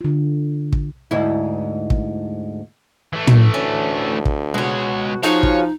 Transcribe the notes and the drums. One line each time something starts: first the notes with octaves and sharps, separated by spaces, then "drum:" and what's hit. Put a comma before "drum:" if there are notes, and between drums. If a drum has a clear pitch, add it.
D3 F4
drum: kick
D2 G#2 E4
drum: kick
E3 A3
drum: tom
D2 C#4
drum: kick
B2 G#3 F#4 C#5
F3 D#4 F#4 G#4 C#5 F5
drum: kick